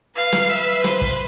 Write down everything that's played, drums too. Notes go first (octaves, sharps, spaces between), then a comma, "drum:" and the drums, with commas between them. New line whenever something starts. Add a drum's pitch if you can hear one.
B4 F5
drum: snare
B4 E5
B4 C5, drum: snare
drum: kick